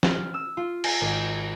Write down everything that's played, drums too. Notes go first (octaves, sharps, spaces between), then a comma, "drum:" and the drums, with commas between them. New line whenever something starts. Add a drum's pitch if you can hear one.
F6, drum: snare
E6
F4
G#5, drum: cymbal
G#1